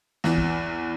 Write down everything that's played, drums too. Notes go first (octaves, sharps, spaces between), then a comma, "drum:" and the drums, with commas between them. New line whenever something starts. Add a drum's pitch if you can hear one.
E2 E3, drum: snare
drum: kick